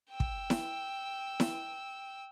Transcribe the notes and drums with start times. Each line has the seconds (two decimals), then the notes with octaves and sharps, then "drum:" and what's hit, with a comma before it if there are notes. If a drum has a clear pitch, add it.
0.10 G5 E6
0.20 drum: kick
0.50 drum: snare E4
1.40 drum: snare E4